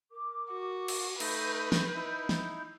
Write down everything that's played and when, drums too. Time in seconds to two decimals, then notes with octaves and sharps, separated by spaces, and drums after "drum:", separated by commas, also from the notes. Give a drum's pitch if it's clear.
0.11 A#4 D6
0.51 F#4
0.88 drum: cymbal
1.20 A3 D#4 B4 D#5 G6, drum: cymbal
1.72 drum: snare
1.95 D#4 E4
2.29 drum: snare